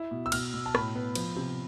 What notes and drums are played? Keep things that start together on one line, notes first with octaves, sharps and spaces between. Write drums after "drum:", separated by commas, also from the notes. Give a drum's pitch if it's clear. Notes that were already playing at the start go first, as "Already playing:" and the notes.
Already playing: E4
B2
E6
B2 F6, drum: cymbal
B2
A5
A2 B5, drum: rim click
B3
F3, drum: cymbal
C3